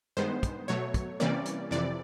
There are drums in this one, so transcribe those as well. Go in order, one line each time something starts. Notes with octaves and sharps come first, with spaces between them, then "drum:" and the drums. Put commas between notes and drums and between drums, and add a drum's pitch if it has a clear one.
G2 D#3 G#3 B3 C5
drum: kick, hi-hat
B2 F#3 A3 C#5
drum: kick, hi-hat
C3 E3 G3 A#3 C#4 D5
drum: hi-hat
F2 C3 E3 D5